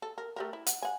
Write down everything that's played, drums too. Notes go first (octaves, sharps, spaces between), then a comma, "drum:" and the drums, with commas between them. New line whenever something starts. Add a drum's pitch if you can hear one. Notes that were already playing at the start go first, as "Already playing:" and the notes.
A4
A#4
A3 G4 A#4
E4
F#5, drum: hi-hat
F#5 G#5